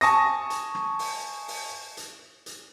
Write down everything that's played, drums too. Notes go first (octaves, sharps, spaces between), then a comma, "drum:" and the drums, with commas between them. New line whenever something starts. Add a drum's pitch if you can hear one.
G#5 A5 C#6 D#6 A#6, drum: hi-hat
drum: hi-hat
drum: rim click
drum: open hi-hat
drum: open hi-hat
drum: hi-hat
drum: hi-hat